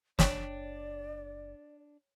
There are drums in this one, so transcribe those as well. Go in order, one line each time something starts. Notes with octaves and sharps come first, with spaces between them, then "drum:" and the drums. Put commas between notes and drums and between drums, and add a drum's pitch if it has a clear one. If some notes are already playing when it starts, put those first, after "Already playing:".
F#1 D4 C#5 D5 G5, drum: snare